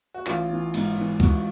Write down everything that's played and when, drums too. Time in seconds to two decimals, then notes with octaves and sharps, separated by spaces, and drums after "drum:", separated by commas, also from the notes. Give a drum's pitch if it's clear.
0.14 F#4
0.26 A1 F4, drum: clap
0.50 E3
0.74 G#2, drum: cymbal
0.98 E3
1.20 G#2 F#4, drum: kick, cymbal